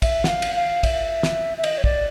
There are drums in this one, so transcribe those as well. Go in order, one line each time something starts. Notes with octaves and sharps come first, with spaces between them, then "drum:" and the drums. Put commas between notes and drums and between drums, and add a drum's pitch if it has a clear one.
E5, drum: kick, cymbal
F#5, drum: snare
F5
drum: cymbal
F5
E5, drum: kick, cymbal
drum: snare
E5
D#5, drum: cymbal
C#5
D5, drum: kick